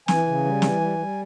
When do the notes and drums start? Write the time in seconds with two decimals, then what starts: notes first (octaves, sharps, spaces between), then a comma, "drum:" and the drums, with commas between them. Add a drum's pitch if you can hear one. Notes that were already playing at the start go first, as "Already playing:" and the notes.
0.08 E3 G#5, drum: snare
0.27 C#3
0.45 G3
0.62 E3, drum: snare
0.81 G3
0.98 G3